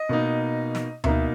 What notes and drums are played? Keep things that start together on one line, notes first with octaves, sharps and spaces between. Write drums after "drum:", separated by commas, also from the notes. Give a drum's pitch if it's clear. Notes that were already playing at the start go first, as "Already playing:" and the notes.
Already playing: D#5
B2 A#3 D#4
drum: snare
B2 A#3 D#4 E5, drum: tom D2